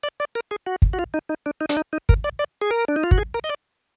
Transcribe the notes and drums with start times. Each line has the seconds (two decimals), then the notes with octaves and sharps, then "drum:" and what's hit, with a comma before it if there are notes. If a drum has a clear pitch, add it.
0.03 D5
0.20 D5
0.35 A#4
0.51 G#4
0.66 F#4
0.82 drum: kick
0.93 F#4
0.99 F4
1.14 D#4
1.29 D#4
1.46 D4
1.61 D#4
1.69 D4, drum: hi-hat
1.77 D#4
1.93 D#4
2.09 A#4, drum: kick
2.24 D5
2.39 D5
2.62 G#4
2.71 A#4
2.88 D4
2.96 D#4
3.03 F4
3.11 F#4, drum: kick
3.18 G#4
3.34 A#4
3.44 D#5
3.49 D5